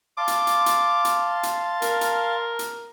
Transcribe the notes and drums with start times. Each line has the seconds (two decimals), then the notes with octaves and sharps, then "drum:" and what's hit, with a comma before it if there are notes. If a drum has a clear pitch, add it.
0.18 F5 A5 C6 D6
0.28 drum: hi-hat
0.47 drum: hi-hat
0.66 drum: hi-hat
1.05 drum: hi-hat
1.43 drum: hi-hat
1.82 A#4, drum: hi-hat
2.01 drum: hi-hat
2.59 drum: hi-hat